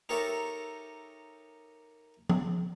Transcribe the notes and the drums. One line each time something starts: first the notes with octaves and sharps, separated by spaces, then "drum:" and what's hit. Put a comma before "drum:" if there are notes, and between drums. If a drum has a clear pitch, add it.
D#4 G4 A4 A#4 C#5 E5
drum: tom F3